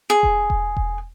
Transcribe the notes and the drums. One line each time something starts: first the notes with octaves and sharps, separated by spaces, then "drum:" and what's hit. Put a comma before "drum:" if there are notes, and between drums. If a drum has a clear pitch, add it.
G#4
drum: kick E1
drum: kick E1
drum: kick E1